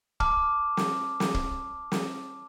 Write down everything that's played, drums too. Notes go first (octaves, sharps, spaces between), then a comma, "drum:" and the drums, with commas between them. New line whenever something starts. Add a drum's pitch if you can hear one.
A5 D6 F6, drum: kick
drum: snare
drum: snare
drum: kick
drum: snare